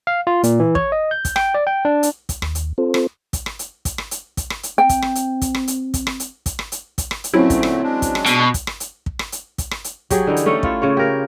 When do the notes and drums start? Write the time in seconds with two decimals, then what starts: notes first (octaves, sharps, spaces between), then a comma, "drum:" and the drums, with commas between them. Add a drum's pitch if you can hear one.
0.07 F5
0.27 F4
0.44 A#2, drum: hi-hat
0.60 E3
0.75 C#5, drum: kick
0.92 D#5
1.11 G6
1.25 drum: kick, hi-hat
1.36 G5, drum: rim click
1.54 D5
1.67 G5
1.85 D4
2.03 drum: hi-hat
2.29 drum: kick, hi-hat
2.42 D#2, drum: rim click
2.55 drum: hi-hat
2.78 C4 F4 A4 C5
2.94 drum: rim click
3.33 drum: kick, hi-hat
3.46 drum: rim click
3.59 drum: hi-hat
3.85 drum: kick, hi-hat
3.98 drum: rim click
4.11 drum: hi-hat
4.37 drum: kick, hi-hat
4.50 drum: rim click
4.63 drum: hi-hat
4.78 C4 G5
4.89 drum: kick, hi-hat
5.02 drum: rim click
5.15 drum: hi-hat
5.42 drum: kick, hi-hat
5.55 drum: rim click
5.68 drum: hi-hat
5.94 drum: kick, hi-hat
6.07 drum: rim click
6.20 drum: hi-hat
6.46 drum: kick, hi-hat
6.59 drum: rim click
6.72 drum: hi-hat
6.98 drum: kick, hi-hat
7.11 drum: rim click
7.24 drum: hi-hat
7.34 A#2 D3 F#3 A3 C4 C#4 E4
7.50 drum: kick, hi-hat
7.63 drum: rim click
7.84 G#3 D4
8.02 drum: kick, hi-hat
8.15 drum: rim click
8.26 B2, drum: hi-hat
8.54 drum: kick, hi-hat
8.67 drum: rim click
8.80 drum: hi-hat
9.06 drum: kick
9.19 drum: rim click
9.32 drum: hi-hat
9.58 drum: kick, hi-hat
9.71 drum: rim click
9.84 drum: hi-hat
10.10 F#3 G4 G#4, drum: kick, hi-hat
10.27 D3 E3 D#4
10.37 drum: hi-hat
10.46 A3 C#4 D#4 A4
10.63 E4 F4 E5, drum: kick
10.82 C#3 C#5
10.97 G4 A#4